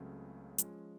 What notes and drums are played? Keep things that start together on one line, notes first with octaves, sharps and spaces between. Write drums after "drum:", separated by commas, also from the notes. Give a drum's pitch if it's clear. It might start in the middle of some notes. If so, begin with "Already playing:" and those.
Already playing: C#2 C#3 F#3 A3 C4
F3 G#3 C#4 F4, drum: hi-hat